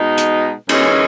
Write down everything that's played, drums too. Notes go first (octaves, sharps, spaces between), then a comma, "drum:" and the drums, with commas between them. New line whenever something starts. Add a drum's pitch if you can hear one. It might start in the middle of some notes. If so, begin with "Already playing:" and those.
Already playing: B2 G#3 D#4
drum: hi-hat
F#2 E3 G#3 C#4, drum: cymbal